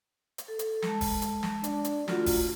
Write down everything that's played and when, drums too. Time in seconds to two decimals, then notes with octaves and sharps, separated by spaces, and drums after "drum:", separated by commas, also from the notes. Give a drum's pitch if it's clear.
0.38 drum: hi-hat
0.48 A4
0.59 drum: hi-hat
0.82 G#3 A5, drum: snare
1.01 drum: kick F1, open hi-hat
1.22 drum: hi-hat
1.43 drum: snare
1.64 D4, drum: hi-hat
1.85 drum: hi-hat
2.08 D3 A3 F4 F#4, drum: snare
2.26 drum: kick F1, open hi-hat